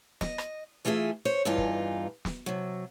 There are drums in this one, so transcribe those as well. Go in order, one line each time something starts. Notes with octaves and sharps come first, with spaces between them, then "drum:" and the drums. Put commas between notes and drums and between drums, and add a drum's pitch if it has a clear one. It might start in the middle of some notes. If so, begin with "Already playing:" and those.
D#5, drum: snare
drum: rim click
E3 A3 F4 G#4 E5
C5 C#5
E2 G2 E3 D#4 F4 F5
drum: kick
drum: snare
C3 F#3